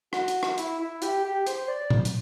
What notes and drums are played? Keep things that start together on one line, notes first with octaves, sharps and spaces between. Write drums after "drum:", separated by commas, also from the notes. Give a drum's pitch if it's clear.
F#4, drum: rim click
drum: hi-hat
drum: rim click
E4, drum: hi-hat
E4
G4, drum: hi-hat
G4
C5, drum: hi-hat
D5
drum: tom A2
drum: hi-hat